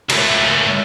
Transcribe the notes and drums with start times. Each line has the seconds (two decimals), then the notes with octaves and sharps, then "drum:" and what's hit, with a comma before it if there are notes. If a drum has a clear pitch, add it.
0.10 C#2 A3, drum: cymbal